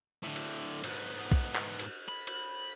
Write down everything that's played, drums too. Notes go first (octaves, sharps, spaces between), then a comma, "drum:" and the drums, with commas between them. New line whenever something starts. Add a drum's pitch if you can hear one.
A2 D3
drum: cymbal
G#2 B3, drum: cymbal
drum: kick
drum: clap
drum: cymbal
B5
drum: cymbal